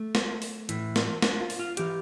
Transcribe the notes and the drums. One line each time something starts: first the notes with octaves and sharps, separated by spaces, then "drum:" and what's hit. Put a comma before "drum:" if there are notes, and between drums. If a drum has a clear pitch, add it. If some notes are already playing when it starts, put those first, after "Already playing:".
Already playing: A3
drum: snare
drum: open hi-hat
A2 E3, drum: hi-hat
drum: snare
D4, drum: snare
F4
drum: open hi-hat
F4
E3 G4, drum: hi-hat